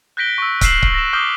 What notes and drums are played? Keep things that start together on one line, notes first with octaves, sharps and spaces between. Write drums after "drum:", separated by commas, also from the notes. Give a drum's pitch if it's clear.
F#6 G6 A#6 B6 D7 G7
C#6 E6
E6 F6 C7 E7 F#7, drum: kick, hi-hat
drum: kick
A#6 E7
D6 D#6 F6 G6 C7 G7